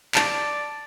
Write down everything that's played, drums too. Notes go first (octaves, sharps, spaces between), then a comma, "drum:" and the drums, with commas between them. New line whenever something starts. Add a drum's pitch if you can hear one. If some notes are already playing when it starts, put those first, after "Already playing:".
D5 A5, drum: clap